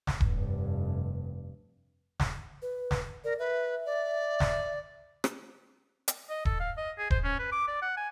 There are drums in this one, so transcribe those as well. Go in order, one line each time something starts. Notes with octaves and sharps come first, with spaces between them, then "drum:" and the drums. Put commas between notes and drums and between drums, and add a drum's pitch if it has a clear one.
drum: snare
F1 G2, drum: kick D#1
drum: snare
B4
drum: snare
A#4 D5
B4 E5
D5
drum: snare
drum: rim click
drum: hi-hat
D#5
A4, drum: kick D#1
F5
D#5
G#4
C5, drum: kick D#1
C#4
B4
D6
D5
F#5
G#5